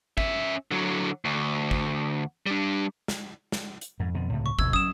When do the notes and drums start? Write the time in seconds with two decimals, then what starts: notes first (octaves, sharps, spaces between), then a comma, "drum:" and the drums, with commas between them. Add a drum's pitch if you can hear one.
0.18 C#4 E5, drum: kick
0.71 D3 F#3
1.25 D2
1.71 drum: kick
2.46 G3 D4
3.08 drum: snare
3.52 drum: snare
3.81 drum: hi-hat
4.00 F2 G#2
4.14 F2 B2 D3
4.31 C#2 A2 C3
4.46 C#6
4.59 D#2 B2 D3 E6 G#6, drum: kick
4.73 F#3 C#4 D#6 E7, drum: kick